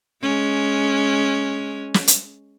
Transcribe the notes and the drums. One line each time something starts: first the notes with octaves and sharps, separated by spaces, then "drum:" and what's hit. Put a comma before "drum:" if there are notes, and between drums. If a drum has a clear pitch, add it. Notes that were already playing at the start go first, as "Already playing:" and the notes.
G#3 C#4
drum: snare
drum: hi-hat